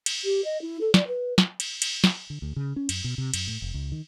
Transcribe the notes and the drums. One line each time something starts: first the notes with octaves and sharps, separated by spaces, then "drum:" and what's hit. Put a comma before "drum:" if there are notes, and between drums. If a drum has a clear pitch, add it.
drum: cymbal
G4
D#5
E4
A4
D5, drum: snare
B4
drum: snare
drum: cymbal
drum: cymbal
drum: snare
D3
D2
C#3
C#4
F#2, drum: cymbal
B2
C3
F#2, drum: cymbal
A2
F1
C#2
D#3